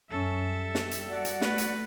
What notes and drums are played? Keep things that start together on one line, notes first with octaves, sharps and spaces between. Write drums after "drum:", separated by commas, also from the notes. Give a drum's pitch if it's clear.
F#2 C#4 A4 E5
G3
drum: snare
drum: hi-hat
F#4 D5 F#5
drum: hi-hat
A3 B4, drum: snare
drum: hi-hat